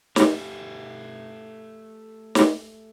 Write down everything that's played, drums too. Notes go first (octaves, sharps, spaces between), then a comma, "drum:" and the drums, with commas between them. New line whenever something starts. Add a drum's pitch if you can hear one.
A3 G4, drum: snare
drum: snare